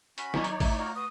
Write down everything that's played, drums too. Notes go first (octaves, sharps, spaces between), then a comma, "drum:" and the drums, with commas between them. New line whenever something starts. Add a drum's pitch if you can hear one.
C#4 F#4 B5, drum: hi-hat
D#3 F#3 D#4 C#5 D5, drum: snare
drum: hi-hat
A3 E4, drum: kick, open hi-hat
F4 F#4 A#5
F#4 B4 D#6